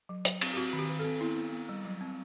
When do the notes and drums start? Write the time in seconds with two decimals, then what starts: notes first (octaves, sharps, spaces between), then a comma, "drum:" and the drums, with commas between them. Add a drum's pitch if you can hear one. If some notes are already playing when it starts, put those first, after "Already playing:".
0.09 F#3
0.25 F#3, drum: hi-hat
0.41 C4, drum: cymbal
0.53 G4
0.57 C4 F#4
0.73 D#3
0.79 G4
0.89 D#3
0.99 C4 A4
1.21 B3 E4
1.36 B3
1.53 B3
1.69 G3
1.85 F#3
2.01 C4